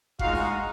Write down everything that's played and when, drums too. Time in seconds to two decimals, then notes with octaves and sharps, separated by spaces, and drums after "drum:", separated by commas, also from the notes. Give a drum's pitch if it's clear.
0.19 G#3 D#4 F4 F#4 F5, drum: kick F#1
0.33 drum: snare D4